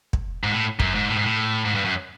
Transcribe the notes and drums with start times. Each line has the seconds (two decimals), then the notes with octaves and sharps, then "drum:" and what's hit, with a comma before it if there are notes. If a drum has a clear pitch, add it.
0.13 drum: kick
0.44 G#2
0.52 A2
0.80 F#2, drum: kick
0.95 G#2
1.09 A2
1.16 G#2
1.24 A2
1.65 G#2
1.75 G2
1.85 F#2